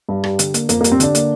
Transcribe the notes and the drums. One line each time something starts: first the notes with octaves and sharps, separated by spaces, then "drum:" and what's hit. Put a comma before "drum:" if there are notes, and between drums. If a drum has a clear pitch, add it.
G2
G3, drum: rim click
D3, drum: hi-hat
A#3, drum: hi-hat
F2 A#3, drum: hi-hat
A#3
G3, drum: hi-hat
C4
D3 D4, drum: hi-hat
A#3, drum: hi-hat